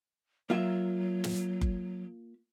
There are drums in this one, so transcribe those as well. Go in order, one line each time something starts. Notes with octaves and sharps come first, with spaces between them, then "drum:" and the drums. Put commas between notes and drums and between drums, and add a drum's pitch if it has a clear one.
F#3 A#3 F4 E5
drum: snare
drum: kick F#1